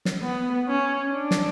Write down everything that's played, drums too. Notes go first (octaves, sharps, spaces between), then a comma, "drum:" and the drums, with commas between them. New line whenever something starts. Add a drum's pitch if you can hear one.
drum: snare
B3
C#4
D4
drum: snare